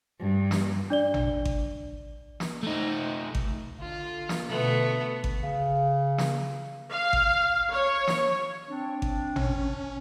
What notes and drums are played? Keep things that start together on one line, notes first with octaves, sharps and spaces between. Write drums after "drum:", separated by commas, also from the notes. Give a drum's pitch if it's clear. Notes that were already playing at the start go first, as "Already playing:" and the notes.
G2
drum: snare
D4 D5 G7
drum: tom A1
drum: kick G#1
drum: snare
A3 D#4
drum: kick G#1
D3 F4
drum: snare
B2 D3 A3 B3
drum: kick G#1
C#3
drum: snare
F5
drum: kick G#1
C#5
drum: snare
C4 D4
drum: kick G#1
C#4, drum: tom A1